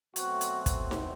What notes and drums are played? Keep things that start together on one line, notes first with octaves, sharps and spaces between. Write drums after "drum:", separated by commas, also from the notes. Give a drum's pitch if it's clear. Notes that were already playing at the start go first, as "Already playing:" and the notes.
B2 F#3 A3 C4 F#4, drum: hi-hat
drum: hi-hat
drum: kick, hi-hat
drum: snare D#4